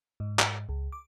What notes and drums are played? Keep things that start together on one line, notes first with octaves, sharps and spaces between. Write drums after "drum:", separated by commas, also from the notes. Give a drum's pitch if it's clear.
G#2
drum: clap
C#2
D6